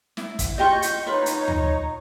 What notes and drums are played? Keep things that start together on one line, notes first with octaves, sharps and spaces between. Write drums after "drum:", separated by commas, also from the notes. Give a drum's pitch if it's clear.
E4, drum: snare
drum: kick, hi-hat
F4 G4 D#5 C#6 G6
drum: hi-hat
D#4 F4 B4 C#5
drum: hi-hat
drum: tom